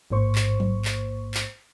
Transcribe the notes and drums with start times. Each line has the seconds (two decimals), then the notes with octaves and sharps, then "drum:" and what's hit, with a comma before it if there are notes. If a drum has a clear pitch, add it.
0.10 A1 G#2 A#3 C5 C#6
0.35 drum: clap
0.60 drum: tom F#3
0.85 drum: clap
1.34 drum: clap